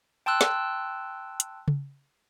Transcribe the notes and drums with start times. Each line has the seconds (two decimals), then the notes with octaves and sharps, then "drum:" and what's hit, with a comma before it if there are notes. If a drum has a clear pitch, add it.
0.26 G5 A5 C6 E6 F#6
0.41 drum: snare
1.40 drum: hi-hat
1.68 drum: tom C#3